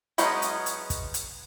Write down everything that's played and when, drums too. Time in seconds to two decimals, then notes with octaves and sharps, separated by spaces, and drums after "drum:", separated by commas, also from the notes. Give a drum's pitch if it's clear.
0.18 F#3 G#3 B3 C#4 D#4, drum: hi-hat
0.42 drum: hi-hat
0.66 drum: hi-hat
0.90 drum: kick, hi-hat
1.14 drum: hi-hat